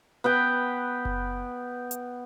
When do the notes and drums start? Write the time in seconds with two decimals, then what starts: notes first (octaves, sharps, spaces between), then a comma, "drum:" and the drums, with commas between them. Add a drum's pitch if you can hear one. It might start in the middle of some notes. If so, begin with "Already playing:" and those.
0.24 B3 B4 G5
1.05 drum: kick F#1
1.91 drum: hi-hat